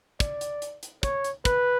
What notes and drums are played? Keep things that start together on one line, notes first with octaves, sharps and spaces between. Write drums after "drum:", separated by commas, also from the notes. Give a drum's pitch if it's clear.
D5, drum: kick, hi-hat
drum: hi-hat
drum: hi-hat
drum: hi-hat
C#5, drum: kick, hi-hat
drum: hi-hat
B4, drum: kick, hi-hat